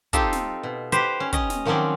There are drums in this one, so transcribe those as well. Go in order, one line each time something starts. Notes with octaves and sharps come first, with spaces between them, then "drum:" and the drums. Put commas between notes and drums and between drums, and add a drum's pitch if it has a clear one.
C4 D#4 F4 G4 A4, drum: kick, hi-hat
drum: snare
B2
G4 B4 C5, drum: hi-hat
C#4
C#4 D#5, drum: kick, hi-hat
drum: snare
D#3 F3 F#3 C4 C#4 D5